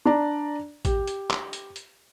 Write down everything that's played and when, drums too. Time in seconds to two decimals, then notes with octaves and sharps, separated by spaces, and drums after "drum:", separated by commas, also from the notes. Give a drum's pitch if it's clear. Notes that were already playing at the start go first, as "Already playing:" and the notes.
0.05 D4 D5 A#5
0.85 G4, drum: kick A1, hi-hat
1.07 drum: hi-hat
1.30 drum: clap
1.53 drum: hi-hat
1.76 drum: hi-hat